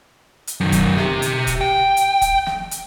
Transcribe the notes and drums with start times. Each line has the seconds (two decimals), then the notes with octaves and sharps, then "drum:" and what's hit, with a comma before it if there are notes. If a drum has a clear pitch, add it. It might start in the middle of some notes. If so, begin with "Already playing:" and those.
0.47 drum: hi-hat
0.60 F#2 D#3
0.72 drum: kick, hi-hat
0.97 G4 E5, drum: snare
1.22 drum: hi-hat
1.47 drum: kick, hi-hat
1.61 G5
1.97 drum: hi-hat
2.22 drum: kick, hi-hat
2.46 drum: snare
2.71 drum: hi-hat